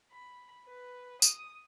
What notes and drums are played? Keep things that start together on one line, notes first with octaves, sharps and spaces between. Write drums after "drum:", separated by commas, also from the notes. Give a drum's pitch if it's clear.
B5
B4
D#6, drum: tambourine